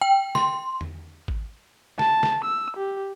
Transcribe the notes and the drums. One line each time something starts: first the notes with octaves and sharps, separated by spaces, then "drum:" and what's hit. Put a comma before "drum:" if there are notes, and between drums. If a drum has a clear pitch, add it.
G5
C6, drum: snare
drum: tom E2
drum: kick G#1
A5, drum: snare
drum: snare
E6
G4